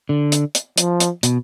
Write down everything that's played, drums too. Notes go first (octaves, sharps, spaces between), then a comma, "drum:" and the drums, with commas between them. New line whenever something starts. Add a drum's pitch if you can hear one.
D3
drum: hi-hat
drum: hi-hat
F3, drum: hi-hat
drum: hi-hat
B2, drum: hi-hat